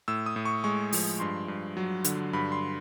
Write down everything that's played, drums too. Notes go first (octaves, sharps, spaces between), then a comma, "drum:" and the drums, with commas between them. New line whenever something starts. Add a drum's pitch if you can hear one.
A2 E6
D#6
A2
C#6
G#3 C#6
F3, drum: open hi-hat
G2 C6
G2
F#3
D3, drum: hi-hat
G2 B5
C6